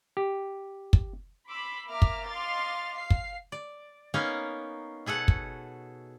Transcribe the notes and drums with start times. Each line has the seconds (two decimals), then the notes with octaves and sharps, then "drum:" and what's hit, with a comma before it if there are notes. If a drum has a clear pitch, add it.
0.17 G4
0.93 drum: kick
1.49 B5 C6 D6 E6
1.88 A#3 E5 A#5 D6 F6
2.02 drum: kick
2.28 D#5 F5 C6 D6 F6 A6
2.95 F5 C7
3.10 drum: kick
3.52 D5
4.14 A#3 B3 C#4 D#4 A#4
5.06 B2 G#4 A4 F#5
5.28 drum: kick